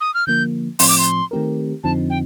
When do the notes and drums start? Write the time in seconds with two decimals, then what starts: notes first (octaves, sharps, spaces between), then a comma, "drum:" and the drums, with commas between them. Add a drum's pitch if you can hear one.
0.01 D#6
0.14 F6
0.27 D3 F3 A#3 G6
0.79 A2 F3 C4 C6, drum: open hi-hat
0.88 D6
0.98 C6
1.31 D#3 A3 C4 G4 A#4
1.84 F2 D3 F3 C4 D#4 A5
2.10 G5